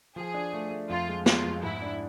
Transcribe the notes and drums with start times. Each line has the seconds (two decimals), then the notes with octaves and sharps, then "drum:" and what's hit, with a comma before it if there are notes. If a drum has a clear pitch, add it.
0.16 F3 G#4
0.34 D4
0.53 A3
0.71 A3
0.89 F2 F4
1.09 G#3
1.26 G#3 F4, drum: snare
1.44 F2
1.63 G#2 E4
1.82 D4